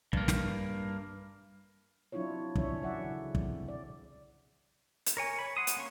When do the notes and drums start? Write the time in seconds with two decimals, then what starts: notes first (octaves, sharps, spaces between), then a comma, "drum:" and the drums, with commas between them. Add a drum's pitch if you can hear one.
0.13 G2 A#3, drum: kick
0.28 drum: snare
2.12 F#3 C4 D4 E4 F4 C#5
2.55 D3 E3 C#4 D4 C#5 E5, drum: kick
2.82 F#3 E4 D5 E5 F#5
3.04 C#3 F#3
3.35 C4, drum: kick
3.68 D5
5.06 drum: hi-hat
5.17 A#4 C#5 G#5
5.39 C#5 B5
5.57 F#5 C6 D#6
5.67 drum: hi-hat
5.77 A#3 C#4 C#6